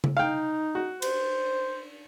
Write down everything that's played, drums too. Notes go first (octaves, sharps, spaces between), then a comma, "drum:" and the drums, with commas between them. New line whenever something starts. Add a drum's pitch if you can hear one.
drum: tom C#3
D#4 F5 G5
F#4
C5, drum: cymbal